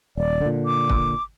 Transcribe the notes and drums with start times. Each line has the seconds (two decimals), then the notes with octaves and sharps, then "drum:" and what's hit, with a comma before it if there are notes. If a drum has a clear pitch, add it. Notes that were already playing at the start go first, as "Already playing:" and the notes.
0.17 D#1 D5
0.41 A#2 D3
0.66 D6
0.90 drum: kick